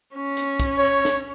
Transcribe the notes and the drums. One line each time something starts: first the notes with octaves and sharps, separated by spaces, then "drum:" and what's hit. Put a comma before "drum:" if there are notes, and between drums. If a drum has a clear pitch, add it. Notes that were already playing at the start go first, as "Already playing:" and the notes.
C#4
drum: hi-hat
drum: kick, hi-hat
C#5
drum: snare